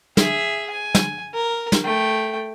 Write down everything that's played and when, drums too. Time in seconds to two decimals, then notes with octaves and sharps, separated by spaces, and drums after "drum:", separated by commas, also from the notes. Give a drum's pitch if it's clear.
0.17 G#4 E5, drum: snare
0.70 G#5
0.95 drum: snare
1.34 A#4
1.72 drum: snare
1.84 A3 G5